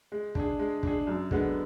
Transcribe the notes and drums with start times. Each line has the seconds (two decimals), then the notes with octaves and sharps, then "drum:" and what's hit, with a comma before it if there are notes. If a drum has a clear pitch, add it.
0.12 G#3
0.35 D4 G#4, drum: kick
0.59 G#3
0.83 D4 G#4, drum: kick
1.07 F#2
1.31 D3 G#3 B3, drum: kick